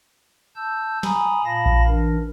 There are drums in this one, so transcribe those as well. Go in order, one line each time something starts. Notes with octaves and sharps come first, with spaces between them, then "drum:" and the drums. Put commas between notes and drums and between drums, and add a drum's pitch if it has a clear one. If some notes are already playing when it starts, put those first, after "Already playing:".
A5 E6 G6
G#5 A#5 B5 D#6, drum: snare
A#2 F5 A5 B5 A#6
drum: kick A#1
E3 D4 A#4